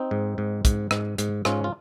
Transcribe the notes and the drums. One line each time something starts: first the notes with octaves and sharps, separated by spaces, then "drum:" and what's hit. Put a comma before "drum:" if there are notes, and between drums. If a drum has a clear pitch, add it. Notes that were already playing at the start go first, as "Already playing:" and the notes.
Already playing: C4 D#4
G#2
G#2
G#2, drum: kick, hi-hat
G#2, drum: rim click
G#2, drum: hi-hat
G#2 C#4 F4, drum: rim click
F4